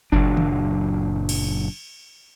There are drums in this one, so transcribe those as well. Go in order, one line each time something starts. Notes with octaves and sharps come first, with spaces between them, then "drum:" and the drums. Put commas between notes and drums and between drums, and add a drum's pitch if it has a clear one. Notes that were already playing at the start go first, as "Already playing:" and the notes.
F#1 A#2 F#3 D4, drum: kick F#1
drum: tom D#3
drum: cymbal